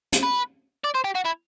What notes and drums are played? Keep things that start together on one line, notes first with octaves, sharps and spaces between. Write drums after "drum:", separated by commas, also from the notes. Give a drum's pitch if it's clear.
drum: hi-hat
B4
D5
C5
G4
F#4
E4